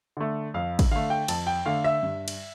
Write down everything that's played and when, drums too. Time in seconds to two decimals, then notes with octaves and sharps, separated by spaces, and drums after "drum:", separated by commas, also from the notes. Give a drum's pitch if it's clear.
0.17 D3 A3
0.54 F2 F5
0.79 drum: kick, cymbal
0.91 D3 A3 F5
1.10 G5
1.28 F2 A5, drum: cymbal
1.47 G5
1.65 D3 A3 F5
1.84 E5
2.03 G2
2.28 drum: cymbal